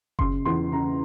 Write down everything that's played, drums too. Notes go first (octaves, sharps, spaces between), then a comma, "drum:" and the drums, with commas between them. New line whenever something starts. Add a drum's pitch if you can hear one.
C#3 C6, drum: kick F#1
E2 C6
C#3 A#5